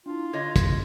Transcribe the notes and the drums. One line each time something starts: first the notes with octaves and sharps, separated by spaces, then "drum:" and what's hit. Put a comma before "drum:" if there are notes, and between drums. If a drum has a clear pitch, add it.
D4 E4 F4
D3 C#5 D#5 G#6
drum: kick, hi-hat